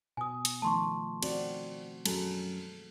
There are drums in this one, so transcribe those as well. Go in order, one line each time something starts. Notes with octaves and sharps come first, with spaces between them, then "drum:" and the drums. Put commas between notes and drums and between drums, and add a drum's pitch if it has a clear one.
B2 G#5 D#6
drum: hi-hat
D#3 F3 A3 A5 C6 C#6
C4 F#4 D5, drum: cymbal
F#2 G#3 A4, drum: cymbal